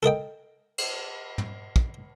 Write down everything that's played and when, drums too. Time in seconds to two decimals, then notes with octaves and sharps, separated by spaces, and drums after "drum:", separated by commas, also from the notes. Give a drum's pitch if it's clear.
0.03 A4 A#4 D#5 G5
0.78 drum: cymbal
1.38 drum: tom
1.76 drum: kick